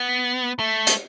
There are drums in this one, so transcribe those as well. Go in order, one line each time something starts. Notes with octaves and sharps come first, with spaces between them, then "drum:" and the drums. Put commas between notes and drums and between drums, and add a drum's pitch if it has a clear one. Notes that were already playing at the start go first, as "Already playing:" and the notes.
Already playing: B3
A3
drum: hi-hat